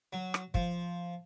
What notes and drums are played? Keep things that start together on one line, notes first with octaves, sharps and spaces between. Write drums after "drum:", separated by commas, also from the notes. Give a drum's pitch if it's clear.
F#3
drum: rim click
F3, drum: kick